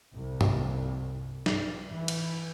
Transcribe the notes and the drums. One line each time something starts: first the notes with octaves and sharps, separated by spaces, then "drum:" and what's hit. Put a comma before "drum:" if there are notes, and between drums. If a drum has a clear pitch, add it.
C2
drum: tom G2
G2, drum: snare
E3
drum: cymbal